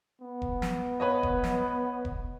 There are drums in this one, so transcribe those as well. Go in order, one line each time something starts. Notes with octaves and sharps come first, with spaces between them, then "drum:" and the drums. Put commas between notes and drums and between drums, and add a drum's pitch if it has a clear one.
B3
drum: kick E1
drum: snare
B4 C#5 D#5
drum: kick E1
drum: snare
drum: kick E1